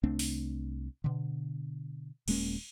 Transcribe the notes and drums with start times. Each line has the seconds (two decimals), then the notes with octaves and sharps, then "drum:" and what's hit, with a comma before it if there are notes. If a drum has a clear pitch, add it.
0.03 C2 A3 C4 D4
0.19 drum: open hi-hat
1.04 B2 D3
2.28 D#1 G#3 A#3 C#4, drum: cymbal